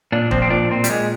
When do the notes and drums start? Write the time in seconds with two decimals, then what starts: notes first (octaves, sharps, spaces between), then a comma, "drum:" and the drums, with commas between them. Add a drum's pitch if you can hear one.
0.12 A#2 D4
0.31 F3 C4, drum: kick
0.42 C4
0.50 A#2 D4
0.71 A#2 C4
0.84 G3, drum: hi-hat
0.90 A#2 G#3